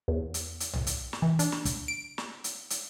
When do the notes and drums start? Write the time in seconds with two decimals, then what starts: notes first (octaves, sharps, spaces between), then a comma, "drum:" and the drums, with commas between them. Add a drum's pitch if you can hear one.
0.08 E2
0.34 drum: hi-hat
0.60 drum: hi-hat
0.73 drum: tom B1
0.87 drum: hi-hat
1.13 drum: snare
1.22 E3
1.39 D4, drum: hi-hat
1.52 drum: snare
1.65 drum: kick, hi-hat
1.88 D7
2.18 drum: snare
2.44 drum: hi-hat
2.70 drum: hi-hat